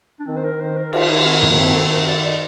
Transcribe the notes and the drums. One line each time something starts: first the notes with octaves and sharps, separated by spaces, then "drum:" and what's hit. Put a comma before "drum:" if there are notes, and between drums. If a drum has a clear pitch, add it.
D4
D#3 C4
C5
A#4
D#3 C5
A#4
D#3 F4, drum: cymbal
D#4
C4
A#3, drum: tom
C4
A4
A#4
D5
D#5